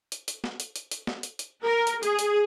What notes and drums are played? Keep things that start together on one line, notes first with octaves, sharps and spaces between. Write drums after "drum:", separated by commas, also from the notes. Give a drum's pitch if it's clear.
drum: hi-hat
drum: hi-hat
drum: snare
drum: hi-hat
drum: hi-hat
drum: hi-hat
drum: snare
drum: hi-hat
drum: hi-hat
A#4
drum: hi-hat
G#4, drum: hi-hat
drum: hi-hat